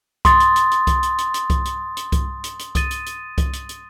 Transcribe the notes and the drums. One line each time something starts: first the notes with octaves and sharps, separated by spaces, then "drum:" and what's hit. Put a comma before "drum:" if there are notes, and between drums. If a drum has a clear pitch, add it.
C6 D#6 A6, drum: kick C2, hi-hat
drum: hi-hat
drum: hi-hat
drum: hi-hat
drum: kick C2, hi-hat
drum: hi-hat
drum: hi-hat
drum: hi-hat
drum: kick C2, hi-hat
drum: hi-hat
drum: hi-hat
drum: kick C2, hi-hat
drum: hi-hat
drum: hi-hat
D#6 A6 D#7, drum: kick C2, hi-hat
drum: hi-hat
drum: hi-hat
drum: kick C2, hi-hat
drum: hi-hat
drum: hi-hat